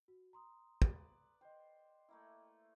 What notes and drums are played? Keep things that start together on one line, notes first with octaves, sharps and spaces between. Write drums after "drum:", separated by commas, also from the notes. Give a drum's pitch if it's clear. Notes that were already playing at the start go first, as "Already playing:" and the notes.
F#4
A#5 C6 D#6
B4 D5, drum: kick
C5 D#5 G5
A3 A#3 E4